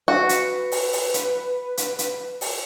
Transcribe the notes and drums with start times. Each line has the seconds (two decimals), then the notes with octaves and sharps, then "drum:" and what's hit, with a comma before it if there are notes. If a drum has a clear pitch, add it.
0.08 F#4 B4
0.29 drum: hi-hat
0.72 drum: open hi-hat
0.93 drum: open hi-hat
1.14 drum: hi-hat
1.77 drum: hi-hat
1.99 drum: hi-hat
2.41 drum: open hi-hat